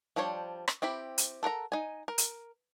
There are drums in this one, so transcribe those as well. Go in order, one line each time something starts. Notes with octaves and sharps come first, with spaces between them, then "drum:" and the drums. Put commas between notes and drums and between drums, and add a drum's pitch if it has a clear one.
F3 G3 D4 C5 C#5
drum: rim click
C4 E4 G4 B5
drum: hi-hat
A4 A#4 F#5 A#5
D#4 G#5
A#4
drum: hi-hat